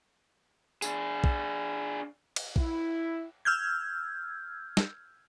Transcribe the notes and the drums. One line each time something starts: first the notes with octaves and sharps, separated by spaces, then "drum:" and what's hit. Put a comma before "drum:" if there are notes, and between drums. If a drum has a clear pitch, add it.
D4 G#4, drum: tambourine
drum: kick
drum: cymbal
E4, drum: kick
E6 F6 G6 G#6
drum: snare